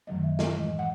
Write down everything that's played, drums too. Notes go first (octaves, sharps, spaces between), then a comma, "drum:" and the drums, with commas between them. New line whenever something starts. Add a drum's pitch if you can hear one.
F#2 D#3 F#3 A3 D#5
E5
D#5, drum: snare
A2 E3 G#3
F#5